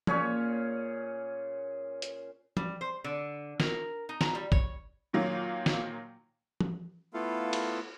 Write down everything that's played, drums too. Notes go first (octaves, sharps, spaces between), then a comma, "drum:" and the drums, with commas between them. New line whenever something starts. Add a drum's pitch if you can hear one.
A#2 C#4 G#4 C#5, drum: tom F3
drum: hi-hat
G3, drum: tom F3
C5
D3
A#4, drum: snare
D#4
A#5, drum: snare
G3
C#5, drum: kick
A#2 D#3 F#3 A#3
drum: snare
drum: tom F3
A3 B3 E4 F4 A4 F5
drum: cymbal